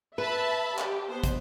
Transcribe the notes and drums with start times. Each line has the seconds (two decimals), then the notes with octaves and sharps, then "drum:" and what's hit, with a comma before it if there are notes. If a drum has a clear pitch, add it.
0.18 B4 E5 A5 B5
0.78 G4, drum: clap
1.10 B3 C5
1.24 drum: kick, hi-hat